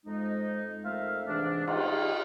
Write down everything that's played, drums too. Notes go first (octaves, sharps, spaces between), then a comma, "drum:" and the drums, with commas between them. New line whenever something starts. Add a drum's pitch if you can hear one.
F2 G#3 D#4
F2 D#3 A3 A#4 E5 F5
G#2 C3 E3 D4
D#4 F4, drum: cymbal